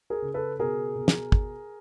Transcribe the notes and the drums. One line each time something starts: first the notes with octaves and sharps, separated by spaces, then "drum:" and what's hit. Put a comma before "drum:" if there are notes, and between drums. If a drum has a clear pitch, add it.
G#4 A#4
C#3
A4 B4
B2 G#4 A#4
B2
drum: snare
drum: kick